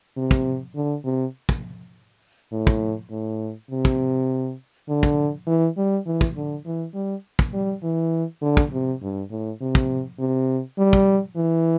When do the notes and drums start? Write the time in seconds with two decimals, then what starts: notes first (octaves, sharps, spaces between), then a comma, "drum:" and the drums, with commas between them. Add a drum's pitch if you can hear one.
0.17 C3
0.31 drum: kick
0.75 D3
1.05 C3
1.49 drum: kick
2.52 A2
2.67 drum: kick
3.11 A2
3.71 C3
3.85 drum: kick
4.89 D3
5.03 drum: kick
5.47 E3
5.77 G3
6.06 E3
6.21 drum: kick
6.36 D3
6.65 E3
6.94 G3
7.39 drum: kick
7.53 G3
7.83 E3
8.42 D3
8.57 drum: kick
8.72 C3
9.02 G2
9.31 A2
9.61 C3
9.75 drum: kick
10.19 C3
10.78 G3
10.93 drum: kick
11.37 E3